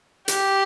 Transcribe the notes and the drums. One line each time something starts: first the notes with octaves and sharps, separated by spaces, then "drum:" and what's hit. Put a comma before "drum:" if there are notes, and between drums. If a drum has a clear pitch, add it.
G4, drum: hi-hat